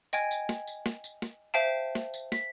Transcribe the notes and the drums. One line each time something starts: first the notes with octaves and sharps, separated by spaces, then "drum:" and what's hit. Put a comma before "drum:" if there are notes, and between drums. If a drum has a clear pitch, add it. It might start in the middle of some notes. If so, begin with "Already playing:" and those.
D#5 G5 G#5 G#6, drum: tambourine
drum: tambourine
drum: snare
drum: tambourine
drum: snare
drum: tambourine
drum: snare
C5 E5 F5 G5 A5
drum: snare
drum: tambourine
B6, drum: snare